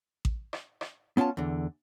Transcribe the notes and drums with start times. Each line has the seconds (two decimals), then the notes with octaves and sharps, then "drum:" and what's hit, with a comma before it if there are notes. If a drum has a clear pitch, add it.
0.25 drum: kick A1
0.53 drum: rim click
0.81 drum: rim click
1.17 B3 C#4 F4 F5 A5
1.37 E2 D3